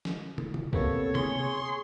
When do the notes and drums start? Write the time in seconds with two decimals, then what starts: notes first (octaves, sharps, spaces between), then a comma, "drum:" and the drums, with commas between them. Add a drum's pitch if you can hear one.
0.05 drum: snare
0.38 drum: tom
0.54 drum: tom
0.73 C3 A#3 B3 A4 C#5, drum: kick
1.15 G#4 C6, drum: tom